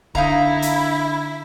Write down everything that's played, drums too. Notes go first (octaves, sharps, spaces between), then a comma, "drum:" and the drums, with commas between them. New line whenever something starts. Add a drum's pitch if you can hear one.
D3 D#4 E4 F5 A#5, drum: kick
drum: hi-hat